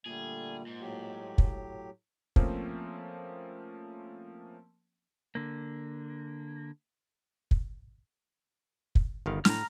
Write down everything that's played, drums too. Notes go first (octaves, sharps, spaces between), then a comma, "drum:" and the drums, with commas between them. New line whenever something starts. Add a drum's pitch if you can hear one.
A#2 D3 G3 A3 G#4
G#2
A2 F#3 G4
drum: kick
F3 A3 A#3 C4 C#4, drum: kick
D3 A#3
drum: kick
drum: kick
G1 D#3 F5
A2 A#5 F6, drum: snare